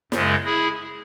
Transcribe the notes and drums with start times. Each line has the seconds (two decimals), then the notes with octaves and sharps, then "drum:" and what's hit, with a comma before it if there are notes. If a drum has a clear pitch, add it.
0.12 F#2 C#3 G#3, drum: snare
0.45 E4 G#4